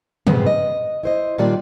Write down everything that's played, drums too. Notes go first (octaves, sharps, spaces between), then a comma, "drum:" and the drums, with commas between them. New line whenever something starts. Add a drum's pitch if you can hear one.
G2 C#3 G#3 B3 C4, drum: tom
D#5
E4 C5 D#5
A#2 D#3 G3 D4 F4 D5